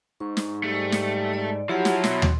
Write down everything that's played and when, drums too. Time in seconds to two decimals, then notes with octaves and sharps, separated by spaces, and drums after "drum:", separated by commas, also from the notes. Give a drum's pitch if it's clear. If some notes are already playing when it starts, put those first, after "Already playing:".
0.20 G#2 C#6
0.37 drum: snare
0.63 G3 A3
0.92 drum: snare
1.34 D5
1.69 F3 F#3 E4 G4 F#5
1.85 drum: snare
2.04 B2 C6, drum: snare
2.22 drum: tom